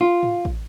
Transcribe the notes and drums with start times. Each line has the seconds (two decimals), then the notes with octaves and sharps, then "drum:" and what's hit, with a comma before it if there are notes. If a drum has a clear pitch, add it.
0.01 F4
0.23 drum: tom G#2
0.45 drum: kick A1